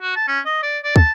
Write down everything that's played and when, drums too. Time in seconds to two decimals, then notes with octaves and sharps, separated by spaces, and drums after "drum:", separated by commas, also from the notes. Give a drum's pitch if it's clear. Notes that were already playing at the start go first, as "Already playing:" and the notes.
0.01 F#4
0.16 A5
0.28 C#4
0.45 D#5
0.62 D5
0.83 D5
0.96 A5, drum: kick